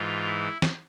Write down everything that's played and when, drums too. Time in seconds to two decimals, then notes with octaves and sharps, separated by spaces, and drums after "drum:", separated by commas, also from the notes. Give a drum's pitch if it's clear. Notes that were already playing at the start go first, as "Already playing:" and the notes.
Already playing: G#2 E3 F4
0.27 E4
0.62 drum: snare